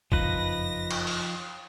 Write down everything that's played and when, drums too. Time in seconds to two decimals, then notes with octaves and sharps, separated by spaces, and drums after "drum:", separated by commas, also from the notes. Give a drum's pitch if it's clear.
0.12 F#1 F2 F3 D#4 F4 B4 A#6, drum: kick
0.91 drum: cymbal
1.07 drum: open hi-hat